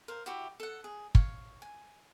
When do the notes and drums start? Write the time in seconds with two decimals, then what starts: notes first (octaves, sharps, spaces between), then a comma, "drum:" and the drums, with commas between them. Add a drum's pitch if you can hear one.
0.08 A#4 C5 F5
0.26 E4 F#4 G4 E5
0.60 A4 F#5
0.84 G#4
1.15 C#5 F5, drum: kick
1.62 G#5